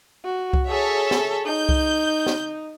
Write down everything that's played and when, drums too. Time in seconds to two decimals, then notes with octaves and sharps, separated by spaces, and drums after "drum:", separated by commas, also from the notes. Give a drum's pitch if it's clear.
0.25 F#4
0.53 drum: kick C2
0.68 G#4 A4 C#5 E5
1.11 drum: snare
1.45 D#4 G6
1.69 drum: kick C2
2.26 drum: snare